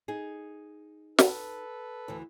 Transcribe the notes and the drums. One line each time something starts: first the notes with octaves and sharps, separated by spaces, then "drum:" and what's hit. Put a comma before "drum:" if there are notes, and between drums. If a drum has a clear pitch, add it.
D#4 G#4
A4 B4, drum: snare
D2 E3